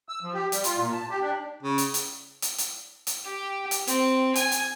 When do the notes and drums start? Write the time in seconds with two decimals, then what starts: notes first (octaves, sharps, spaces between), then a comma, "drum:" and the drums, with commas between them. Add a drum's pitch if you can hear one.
0.09 E6
0.22 F3
0.34 G4
0.52 G3, drum: hi-hat
0.64 F4, drum: hi-hat
0.78 A#2
0.93 A5
1.10 G4
1.22 D4
1.63 C#3
1.78 drum: hi-hat
1.94 drum: hi-hat
2.42 drum: hi-hat
2.58 drum: hi-hat
3.07 drum: hi-hat
3.25 G4
3.71 drum: hi-hat
3.87 C4, drum: hi-hat
4.35 G#5, drum: hi-hat
4.52 drum: hi-hat